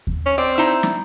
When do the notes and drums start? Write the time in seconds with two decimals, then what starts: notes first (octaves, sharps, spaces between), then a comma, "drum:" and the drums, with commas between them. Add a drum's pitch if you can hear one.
0.07 drum: kick D#2
0.26 C#4
0.38 C4 D5
0.58 D#4 E4
0.83 drum: snare